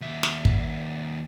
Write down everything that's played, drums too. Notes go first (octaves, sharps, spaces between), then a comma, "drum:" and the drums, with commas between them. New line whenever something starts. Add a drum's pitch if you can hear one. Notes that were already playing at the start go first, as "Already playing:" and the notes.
D#2 E5
drum: snare
drum: kick